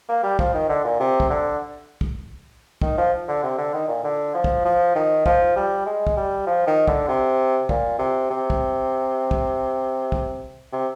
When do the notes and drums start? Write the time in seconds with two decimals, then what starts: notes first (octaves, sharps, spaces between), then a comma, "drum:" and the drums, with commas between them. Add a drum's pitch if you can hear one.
0.09 A#3
0.23 G3
0.39 F3, drum: kick
0.54 D#3
0.69 D3
0.84 A#2
1.00 C3
1.20 drum: kick
1.30 D3
2.01 drum: kick
2.82 D#3, drum: kick
2.98 F3
3.28 D3
3.43 C3
3.58 D3
3.74 D#3
3.88 A#2
4.04 D3
4.34 F3
4.44 drum: kick
4.65 F3
4.95 D#3
5.26 F3, drum: kick
5.56 G3
5.86 G#3
6.07 drum: kick
6.17 G3
6.47 F3
6.67 D#3
6.88 D3, drum: kick
7.08 C3
7.69 A#2, drum: kick
7.99 C3
8.30 C3
8.50 drum: kick
9.31 drum: kick
10.12 drum: kick
10.73 C3